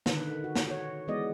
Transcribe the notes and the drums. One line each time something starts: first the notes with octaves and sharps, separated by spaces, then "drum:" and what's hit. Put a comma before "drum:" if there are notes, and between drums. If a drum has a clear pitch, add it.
D3 D#3 B4, drum: snare
F#4
drum: snare
F#4 C#5
E3 G#3 B3 D5 D#5